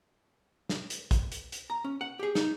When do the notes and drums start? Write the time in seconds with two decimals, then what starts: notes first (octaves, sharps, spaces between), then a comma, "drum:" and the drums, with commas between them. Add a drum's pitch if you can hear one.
0.69 drum: snare
0.90 drum: hi-hat
1.11 drum: kick, hi-hat
1.32 drum: hi-hat
1.52 drum: hi-hat
1.70 A#5
1.85 C#4
2.01 F#5
2.19 G4 G#4
2.35 D#4, drum: snare